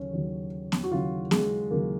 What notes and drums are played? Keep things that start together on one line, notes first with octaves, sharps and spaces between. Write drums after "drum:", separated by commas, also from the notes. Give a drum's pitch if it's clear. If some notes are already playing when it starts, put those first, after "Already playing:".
Already playing: D#2 C#3 F#3 C#4
D#2 C#3 F#3
drum: snare
F#4
D#2 C#3 F#3 F4
G#3, drum: snare
D#2 C#3 F#3 A#3